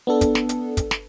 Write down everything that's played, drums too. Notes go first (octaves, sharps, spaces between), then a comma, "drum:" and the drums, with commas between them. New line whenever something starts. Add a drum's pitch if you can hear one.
B3 D4 A4
drum: kick, hi-hat
drum: snare
drum: hi-hat
drum: kick, hi-hat
drum: snare